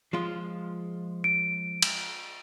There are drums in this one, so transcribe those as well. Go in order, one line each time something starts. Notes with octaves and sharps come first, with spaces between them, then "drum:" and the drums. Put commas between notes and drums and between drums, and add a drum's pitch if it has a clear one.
F3 G#3 F4
D7
drum: cymbal